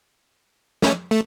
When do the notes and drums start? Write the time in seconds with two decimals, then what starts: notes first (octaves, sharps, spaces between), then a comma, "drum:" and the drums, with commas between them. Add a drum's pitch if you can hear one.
0.82 A3 C#4, drum: snare
1.11 A3